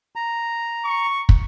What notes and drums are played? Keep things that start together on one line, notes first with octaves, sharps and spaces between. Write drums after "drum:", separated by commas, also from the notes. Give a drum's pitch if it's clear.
A#5
C#6
drum: kick